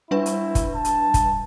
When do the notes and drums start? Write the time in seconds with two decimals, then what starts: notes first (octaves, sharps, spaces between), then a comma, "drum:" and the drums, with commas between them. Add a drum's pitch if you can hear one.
0.11 G3 D4 E4 B4
0.26 drum: hi-hat
0.55 drum: kick, hi-hat
0.75 A5
0.85 drum: hi-hat
1.14 drum: kick, hi-hat